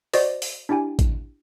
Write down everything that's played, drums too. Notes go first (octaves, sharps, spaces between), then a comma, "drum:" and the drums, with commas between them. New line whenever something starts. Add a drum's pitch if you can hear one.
F#4 C5 D5 D#5, drum: open hi-hat
drum: open hi-hat
D4 E4 G4 G5 G#5
drum: kick A1, hi-hat